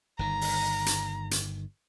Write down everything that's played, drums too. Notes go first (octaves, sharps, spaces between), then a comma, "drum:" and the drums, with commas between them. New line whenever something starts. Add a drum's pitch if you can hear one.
G1 D#3 A#5
drum: open hi-hat
drum: hi-hat
drum: hi-hat